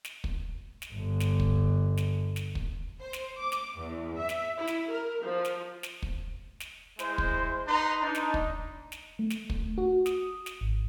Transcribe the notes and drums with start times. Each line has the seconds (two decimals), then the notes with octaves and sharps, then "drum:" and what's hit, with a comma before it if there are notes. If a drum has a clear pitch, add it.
0.05 drum: snare
0.24 drum: kick
0.82 drum: snare
0.93 G1 D3
1.20 drum: snare
1.40 drum: kick
1.97 drum: snare
2.36 drum: snare
2.55 drum: kick
3.00 C5
3.13 drum: snare
3.39 D6
3.52 drum: snare
3.80 E2
4.20 E5
4.29 drum: snare
4.57 E4
4.67 drum: snare
4.90 A#4
5.22 F3
5.45 drum: snare
5.83 drum: snare
6.02 drum: kick
6.60 drum: snare
6.99 G#3 E4 C5, drum: snare
7.18 drum: kick
7.67 D#4 B4 A#5 C6
8.01 D4 D#4
8.15 drum: snare
8.34 drum: kick
8.92 drum: snare
9.19 A3
9.30 drum: snare
9.50 drum: kick
9.78 F#4
10.06 D#6, drum: snare
10.46 drum: snare
10.61 G#1